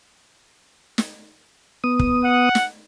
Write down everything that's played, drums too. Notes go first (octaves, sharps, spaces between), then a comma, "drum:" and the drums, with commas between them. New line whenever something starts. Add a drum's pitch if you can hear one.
drum: snare
B3 D#6
drum: kick
F#5
drum: snare